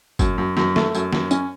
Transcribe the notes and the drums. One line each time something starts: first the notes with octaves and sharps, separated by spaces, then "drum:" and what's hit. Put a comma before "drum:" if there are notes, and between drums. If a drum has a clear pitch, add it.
F#2, drum: kick G1, tambourine
F#2
F#2, drum: snare
A3, drum: snare
F#2, drum: tambourine
F#2, drum: snare
C#4, drum: tambourine